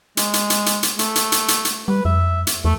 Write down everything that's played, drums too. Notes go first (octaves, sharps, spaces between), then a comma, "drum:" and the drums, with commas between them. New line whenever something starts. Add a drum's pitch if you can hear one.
G#3, drum: hi-hat
drum: hi-hat
drum: hi-hat
drum: hi-hat
drum: hi-hat
A3, drum: hi-hat
drum: hi-hat
drum: hi-hat
drum: hi-hat
drum: hi-hat
G3 B4
F2 E5
drum: hi-hat
E2 A3